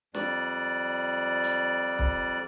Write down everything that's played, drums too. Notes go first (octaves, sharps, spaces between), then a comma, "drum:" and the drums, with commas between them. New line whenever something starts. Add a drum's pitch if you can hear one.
F2 G3 D5 F#6, drum: snare
drum: hi-hat
drum: kick